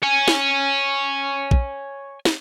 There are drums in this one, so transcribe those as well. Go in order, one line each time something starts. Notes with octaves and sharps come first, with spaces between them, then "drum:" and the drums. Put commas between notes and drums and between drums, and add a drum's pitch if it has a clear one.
C#5 G#5
drum: snare
drum: kick A#1
drum: snare